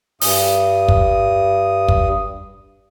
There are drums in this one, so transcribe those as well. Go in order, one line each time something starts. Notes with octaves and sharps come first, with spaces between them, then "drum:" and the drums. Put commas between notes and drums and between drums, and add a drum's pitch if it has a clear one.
G2 D#6, drum: open hi-hat
drum: kick
drum: kick